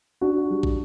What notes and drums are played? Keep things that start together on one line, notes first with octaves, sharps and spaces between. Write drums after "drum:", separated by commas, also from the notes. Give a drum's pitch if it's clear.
D4 F#4
G3
drum: kick